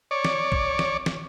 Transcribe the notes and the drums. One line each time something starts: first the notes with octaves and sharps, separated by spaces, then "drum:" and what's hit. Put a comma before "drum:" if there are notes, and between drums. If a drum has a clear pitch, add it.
C#5 D5
drum: snare
drum: kick
drum: snare
drum: snare